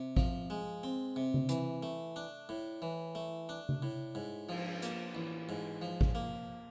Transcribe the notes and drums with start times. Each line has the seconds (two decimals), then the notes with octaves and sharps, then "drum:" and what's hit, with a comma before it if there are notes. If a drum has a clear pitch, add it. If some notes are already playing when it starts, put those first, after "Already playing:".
Already playing: C3
0.17 F3, drum: kick A1
0.50 G#3
0.83 C4
1.16 C3
1.34 drum: tom C#3
1.49 E3, drum: hi-hat
1.83 A3
2.16 D4
2.49 A2
2.82 E3
3.15 A3
3.49 D4
3.69 drum: tom C#3
3.82 A2
4.15 G#2
4.49 F3, drum: cymbal
4.82 A#3, drum: hi-hat
5.15 A1
5.49 G#2
5.82 F3
6.01 drum: kick A1
6.15 A#3